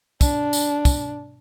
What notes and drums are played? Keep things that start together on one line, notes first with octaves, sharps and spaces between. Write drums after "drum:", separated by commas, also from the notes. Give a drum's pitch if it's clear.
D4, drum: kick, tambourine
drum: tambourine
drum: kick, tambourine